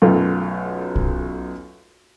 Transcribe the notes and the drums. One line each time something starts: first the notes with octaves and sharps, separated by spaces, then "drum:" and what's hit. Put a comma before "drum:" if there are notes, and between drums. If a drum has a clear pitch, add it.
B1 F#2 A3 F4
drum: kick